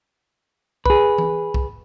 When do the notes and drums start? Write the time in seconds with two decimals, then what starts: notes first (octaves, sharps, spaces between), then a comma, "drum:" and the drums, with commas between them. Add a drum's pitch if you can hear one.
0.86 G#4 B4, drum: kick
1.18 drum: tom E3
1.54 drum: kick